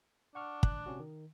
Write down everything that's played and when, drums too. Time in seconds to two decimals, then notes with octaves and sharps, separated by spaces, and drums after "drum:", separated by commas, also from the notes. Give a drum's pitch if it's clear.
0.35 D4 F#5 C#6 F6
0.63 F#6, drum: kick
0.86 C3 C#4 F#4
1.00 D#3